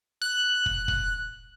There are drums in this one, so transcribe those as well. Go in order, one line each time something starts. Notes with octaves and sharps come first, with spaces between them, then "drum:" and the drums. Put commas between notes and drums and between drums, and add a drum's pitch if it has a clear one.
F#6
drum: kick
drum: kick